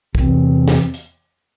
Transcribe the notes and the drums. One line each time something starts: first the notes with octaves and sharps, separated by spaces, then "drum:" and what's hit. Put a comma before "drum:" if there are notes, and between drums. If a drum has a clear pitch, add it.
E2 C3 E3 C4, drum: kick
drum: snare
drum: hi-hat